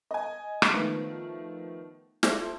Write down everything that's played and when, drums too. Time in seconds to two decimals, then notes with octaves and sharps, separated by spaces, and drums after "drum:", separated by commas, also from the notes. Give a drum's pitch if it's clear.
0.11 D#5 G#5
0.62 drum: rim click
0.73 D#3 F3 A3 B3 F4
2.23 F4 A4 C5 E5, drum: snare